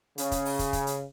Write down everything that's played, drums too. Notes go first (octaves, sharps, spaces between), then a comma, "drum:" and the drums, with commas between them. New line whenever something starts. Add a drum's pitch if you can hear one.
C#3, drum: hi-hat
drum: kick, hi-hat
drum: open hi-hat
drum: kick, hi-hat
drum: kick, hi-hat
drum: hi-hat